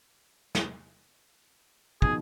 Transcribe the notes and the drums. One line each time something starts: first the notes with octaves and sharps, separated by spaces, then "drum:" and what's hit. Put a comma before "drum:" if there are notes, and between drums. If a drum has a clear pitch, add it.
drum: snare
B2 D#3 F3 G#4, drum: kick